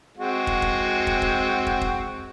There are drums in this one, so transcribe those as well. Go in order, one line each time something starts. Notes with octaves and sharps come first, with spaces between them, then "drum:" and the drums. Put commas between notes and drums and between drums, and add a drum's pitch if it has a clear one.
G#3 C4 F#4
drum: kick
drum: kick
drum: kick
drum: kick
drum: kick
drum: kick